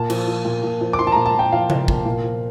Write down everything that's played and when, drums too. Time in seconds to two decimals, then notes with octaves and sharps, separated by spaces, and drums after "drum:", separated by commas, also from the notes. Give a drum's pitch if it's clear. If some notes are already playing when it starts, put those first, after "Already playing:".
Already playing: A#2 A5
0.10 F3, drum: cymbal
0.28 F3
0.45 A#2
0.63 A#2
0.81 F3
0.93 D6
0.99 F3 C6
1.07 A5
1.12 A#2 A#5
1.26 A5
1.35 A#2 G5
1.52 F3 F5
1.70 F3, drum: tom C3
1.88 A#2, drum: kick
2.05 A#2
2.24 F3